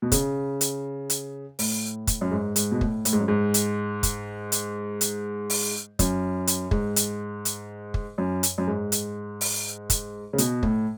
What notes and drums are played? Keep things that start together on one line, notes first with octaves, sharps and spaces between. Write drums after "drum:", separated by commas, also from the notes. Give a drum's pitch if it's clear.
B2
C#3, drum: kick, hi-hat
drum: hi-hat
drum: hi-hat
A2, drum: open hi-hat
drum: kick, hi-hat
F#2
G#2
G#2, drum: hi-hat
B2
A2, drum: kick
A2, drum: hi-hat
G#2
F#2
G#2
drum: hi-hat
drum: kick, hi-hat
drum: hi-hat
drum: hi-hat
drum: open hi-hat
F#2, drum: kick, hi-hat
drum: hi-hat
G#2, drum: kick
drum: hi-hat
drum: hi-hat
drum: kick
F#2
drum: hi-hat
F#2
G#2
drum: hi-hat
drum: open hi-hat
drum: kick, hi-hat
C#3
B2, drum: hi-hat
A2, drum: kick